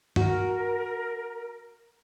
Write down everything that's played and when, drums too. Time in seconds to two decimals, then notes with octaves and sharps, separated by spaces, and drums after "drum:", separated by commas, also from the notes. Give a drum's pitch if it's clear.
0.16 F#4 A#4, drum: tom